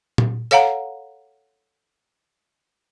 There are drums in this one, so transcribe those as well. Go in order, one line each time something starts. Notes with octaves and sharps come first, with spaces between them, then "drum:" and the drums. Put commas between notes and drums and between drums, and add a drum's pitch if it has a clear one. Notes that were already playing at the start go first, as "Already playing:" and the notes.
drum: tom A#2
A4 C#5 F5 F#5 A#5, drum: hi-hat